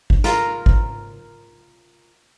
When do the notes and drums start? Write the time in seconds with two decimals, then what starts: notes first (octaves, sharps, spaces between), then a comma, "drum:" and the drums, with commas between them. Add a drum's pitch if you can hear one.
0.10 drum: kick
0.24 F4 A#4, drum: snare
0.66 drum: kick